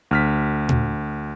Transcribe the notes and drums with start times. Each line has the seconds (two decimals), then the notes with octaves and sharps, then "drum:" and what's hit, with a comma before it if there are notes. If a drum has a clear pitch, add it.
0.11 D2 F6 B6
0.69 drum: tom A#2